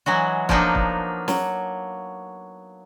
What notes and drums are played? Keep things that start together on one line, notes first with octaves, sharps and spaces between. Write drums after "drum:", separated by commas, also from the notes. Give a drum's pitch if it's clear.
E3 F#3 G#3 F#4
F3 F#3 A#3 B3 D4 D#4, drum: kick
drum: kick
F#3, drum: snare